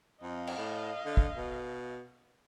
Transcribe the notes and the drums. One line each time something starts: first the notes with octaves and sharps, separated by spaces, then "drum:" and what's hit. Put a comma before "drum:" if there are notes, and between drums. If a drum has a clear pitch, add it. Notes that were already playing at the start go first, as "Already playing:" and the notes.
F2 D#5 F5
drum: cymbal
A2
D3
drum: kick
B2